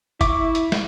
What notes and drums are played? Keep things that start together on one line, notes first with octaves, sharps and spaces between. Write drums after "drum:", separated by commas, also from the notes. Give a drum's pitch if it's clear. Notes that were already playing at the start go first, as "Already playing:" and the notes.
E4 E5 C#6 D6, drum: kick, hi-hat
drum: hi-hat
drum: snare